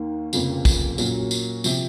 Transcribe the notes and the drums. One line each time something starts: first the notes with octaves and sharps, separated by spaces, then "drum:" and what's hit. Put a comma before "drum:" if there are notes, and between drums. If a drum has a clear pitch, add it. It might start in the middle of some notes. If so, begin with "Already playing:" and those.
Already playing: D#2 D#3 A#3
F1 F2 C#3 F3 A#3, drum: tambourine
drum: kick, tambourine
A#2 F#3 A#3 C#4 F#4, drum: tambourine
drum: tambourine
C3 F3, drum: tambourine